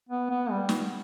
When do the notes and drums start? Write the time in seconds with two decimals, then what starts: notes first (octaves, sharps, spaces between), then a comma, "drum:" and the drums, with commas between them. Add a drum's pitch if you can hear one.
0.09 B3
0.30 B3
0.51 G3
0.69 drum: snare